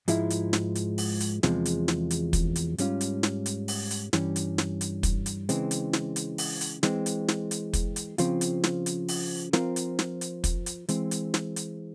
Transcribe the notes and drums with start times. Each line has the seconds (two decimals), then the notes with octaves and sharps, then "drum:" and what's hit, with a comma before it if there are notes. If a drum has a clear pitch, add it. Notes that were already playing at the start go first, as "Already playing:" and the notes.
0.08 G#2 F3 G#3 E4, drum: hi-hat
0.30 drum: hi-hat
0.53 drum: snare
0.75 drum: hi-hat
0.98 drum: open hi-hat
1.20 drum: hi-hat
1.43 E2 C3 F3 G#3, drum: snare
1.65 drum: hi-hat
1.88 drum: snare
2.11 drum: hi-hat
2.33 drum: kick, hi-hat
2.56 drum: hi-hat
2.78 G#2 G3 C#4 F4, drum: hi-hat
3.01 drum: hi-hat
3.23 drum: snare
3.46 drum: hi-hat
3.68 drum: open hi-hat
3.91 drum: hi-hat
4.13 G2 E3 G3 C#4, drum: snare
4.36 drum: hi-hat
4.58 drum: snare
4.81 drum: hi-hat
5.03 drum: kick, hi-hat
5.26 drum: hi-hat
5.49 C#3 E3 G#3 C4, drum: hi-hat
5.71 drum: hi-hat
5.93 drum: snare
6.16 drum: hi-hat
6.38 drum: open hi-hat
6.61 drum: hi-hat
6.83 E3 G#3 C4, drum: snare
7.06 drum: hi-hat
7.28 drum: snare
7.51 drum: hi-hat
7.73 drum: kick, hi-hat
7.96 drum: hi-hat
8.18 C#3 F3 C4 F4, drum: hi-hat
8.41 drum: hi-hat
8.64 drum: snare
8.86 drum: hi-hat
9.09 drum: open hi-hat
9.53 F3 C4 F4 A#4, drum: snare
9.76 drum: hi-hat
9.99 drum: snare
10.21 drum: hi-hat
10.44 drum: kick, hi-hat
10.66 drum: hi-hat
10.89 E3 G#3 C4, drum: hi-hat
11.11 drum: hi-hat
11.34 drum: snare
11.56 drum: hi-hat